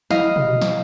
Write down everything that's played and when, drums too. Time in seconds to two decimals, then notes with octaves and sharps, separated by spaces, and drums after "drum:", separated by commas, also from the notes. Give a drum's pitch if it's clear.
0.10 E4 D#5 F5, drum: snare
0.36 drum: tom B2
0.61 drum: snare